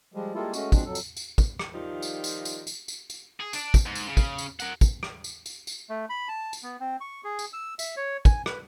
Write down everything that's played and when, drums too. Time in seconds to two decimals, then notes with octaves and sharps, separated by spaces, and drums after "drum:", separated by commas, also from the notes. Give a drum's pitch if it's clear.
0.14 F3 G3 G#3
0.35 G3 G#3 A#3 E4 F4 A4
0.54 G#3 A3 C#4 F#4, drum: tambourine
0.72 B2 F3 G#3 C4 D4, drum: kick, tambourine
0.85 F2 F#3 A4
0.95 drum: tambourine
1.17 drum: tambourine
1.38 drum: kick, tambourine
1.59 drum: rim click
1.74 D#3 F3 G3 D#4 F4
2.02 drum: tambourine
2.24 drum: tambourine
2.45 drum: tambourine
2.67 drum: tambourine
2.88 drum: tambourine
3.10 drum: tambourine
3.40 G#4
3.53 D4, drum: tambourine
3.74 drum: kick, tambourine
3.86 G#2
3.95 drum: tambourine
4.07 C#3
4.17 drum: kick, tambourine
4.38 drum: tambourine
4.60 A#4 F#5, drum: tambourine
4.81 drum: kick, tambourine
5.03 drum: rim click
5.24 drum: tambourine
5.46 drum: tambourine
5.67 drum: tambourine
5.90 A3
6.09 B5
6.28 A5
6.53 drum: tambourine
6.63 B3
6.80 C4
7.01 C#6
7.24 G#4
7.39 drum: tambourine
7.53 E6
7.79 E5, drum: tambourine
7.97 C#5
8.25 G#5, drum: kick, tambourine
8.46 B4, drum: rim click